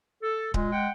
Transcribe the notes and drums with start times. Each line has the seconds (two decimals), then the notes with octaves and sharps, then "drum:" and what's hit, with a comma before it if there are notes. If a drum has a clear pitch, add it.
0.23 A4
0.54 A#2 G#3, drum: kick D1
0.72 F#5 G5